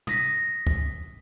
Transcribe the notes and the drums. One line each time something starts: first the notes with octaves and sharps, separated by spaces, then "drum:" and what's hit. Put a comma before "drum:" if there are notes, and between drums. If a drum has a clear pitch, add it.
D#6 A#6 B6, drum: tom
drum: kick